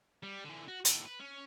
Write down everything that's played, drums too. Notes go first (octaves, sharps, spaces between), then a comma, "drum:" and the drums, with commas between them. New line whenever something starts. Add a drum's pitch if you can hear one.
G3
D3 E3
F#4
D#2 A2, drum: hi-hat
B4
C#4